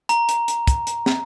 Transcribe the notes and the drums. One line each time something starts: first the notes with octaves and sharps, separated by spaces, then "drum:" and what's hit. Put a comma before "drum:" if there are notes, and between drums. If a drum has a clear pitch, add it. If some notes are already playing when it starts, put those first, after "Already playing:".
A#5, drum: hi-hat
drum: hi-hat
drum: hi-hat
drum: kick, hi-hat
drum: hi-hat
drum: snare